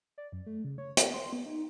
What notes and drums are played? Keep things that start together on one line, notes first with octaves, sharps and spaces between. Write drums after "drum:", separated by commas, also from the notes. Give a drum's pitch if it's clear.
D5
F#2
A3
C#3
C#5
G4, drum: hi-hat
C6
B3
D#4